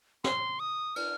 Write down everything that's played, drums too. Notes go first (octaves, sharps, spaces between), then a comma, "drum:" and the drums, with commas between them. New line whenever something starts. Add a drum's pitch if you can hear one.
C6, drum: snare
D#6
F6, drum: cymbal